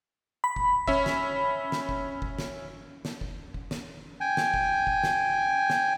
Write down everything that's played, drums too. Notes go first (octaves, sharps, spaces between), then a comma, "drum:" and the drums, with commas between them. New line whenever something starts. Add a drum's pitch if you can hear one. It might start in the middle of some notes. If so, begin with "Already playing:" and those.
B5
drum: kick F#1
C#4 E5, drum: kick F#1
drum: snare
drum: snare
drum: kick F#1
drum: kick F#1
drum: snare
drum: snare
drum: kick F#1
drum: kick F#1
drum: snare
G5 G#5
drum: snare
drum: kick F#1
drum: kick F#1
drum: snare
drum: snare